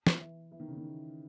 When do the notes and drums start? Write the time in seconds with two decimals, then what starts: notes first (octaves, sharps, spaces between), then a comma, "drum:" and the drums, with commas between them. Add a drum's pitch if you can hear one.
0.07 drum: snare
0.20 E3
0.51 E3
0.60 D#3
0.68 C#3
0.76 D#3